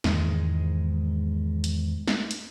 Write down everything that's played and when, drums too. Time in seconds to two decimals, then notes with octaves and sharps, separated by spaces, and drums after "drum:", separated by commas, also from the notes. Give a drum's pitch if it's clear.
0.04 E2 G#2 D#3 G#3, drum: snare
1.64 drum: hi-hat
2.08 drum: snare
2.31 drum: hi-hat